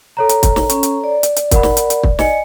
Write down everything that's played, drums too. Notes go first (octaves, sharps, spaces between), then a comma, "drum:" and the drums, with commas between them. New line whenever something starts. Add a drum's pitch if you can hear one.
A4 C#5 A#5
drum: hi-hat
drum: kick, hi-hat
drum: snare
C#4, drum: hi-hat
drum: hi-hat
D5
drum: hi-hat
drum: hi-hat
A#4 F#5 B5, drum: kick, hi-hat
drum: snare
drum: hi-hat
drum: hi-hat
drum: kick
D#5 G#5 C#7, drum: snare